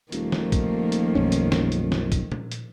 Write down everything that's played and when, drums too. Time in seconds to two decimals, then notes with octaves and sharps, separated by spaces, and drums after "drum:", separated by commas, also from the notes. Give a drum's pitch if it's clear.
0.12 D#1 D#3 F3 A3 A#3, drum: hi-hat
0.32 drum: snare B3
0.52 drum: kick, hi-hat
0.92 drum: hi-hat
1.15 B1 F#2 C#4
1.32 drum: hi-hat
1.52 drum: snare B3
1.72 drum: hi-hat
1.92 drum: snare B3
2.12 drum: kick, hi-hat
2.32 drum: tom
2.52 drum: hi-hat